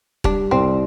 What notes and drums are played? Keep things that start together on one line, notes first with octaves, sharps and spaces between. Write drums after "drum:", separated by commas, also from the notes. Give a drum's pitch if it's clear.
G3 D4, drum: kick E1
C2 C4